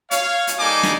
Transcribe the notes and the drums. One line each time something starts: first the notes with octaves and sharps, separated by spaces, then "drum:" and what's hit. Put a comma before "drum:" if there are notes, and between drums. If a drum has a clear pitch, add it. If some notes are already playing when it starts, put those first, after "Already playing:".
C#5 F5, drum: hi-hat
drum: hi-hat
G3 A#3 D#4 A4 G#5 D6
drum: snare